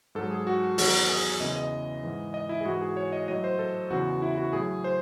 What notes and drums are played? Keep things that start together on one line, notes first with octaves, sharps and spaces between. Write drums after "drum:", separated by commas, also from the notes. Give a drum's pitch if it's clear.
G#2 F#3 A4
G#4
F#4
E2 D#3 F#3 F#4, drum: open hi-hat
G#4
E2 C#3 E3 D#5
D#5
G#2 E3
D#5
E4
G#4
G#2 E3 F#4
G#4
C#5
D#5
A2 F#3 D#5
C5
A4
E2 C#3 E3 F#4
E4
F#4
A2 F#3 G#4
C5